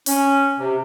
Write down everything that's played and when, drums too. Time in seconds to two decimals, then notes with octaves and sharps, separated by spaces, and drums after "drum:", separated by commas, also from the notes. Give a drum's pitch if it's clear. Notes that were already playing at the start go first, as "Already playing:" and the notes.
0.06 C#4, drum: open hi-hat
0.59 C3